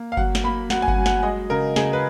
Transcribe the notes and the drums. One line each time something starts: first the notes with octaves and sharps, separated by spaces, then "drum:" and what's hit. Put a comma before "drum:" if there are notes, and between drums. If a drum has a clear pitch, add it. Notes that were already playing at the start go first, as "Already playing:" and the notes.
Already playing: A#3
F5
F#3 F#5, drum: kick G1
drum: snare
A#3 B5
F#3 F#5, drum: snare
G#5
F#5, drum: kick G1
F#3
F#5, drum: snare
G#3 D#5
C#3 A#4
C#3 G#4, drum: snare
B4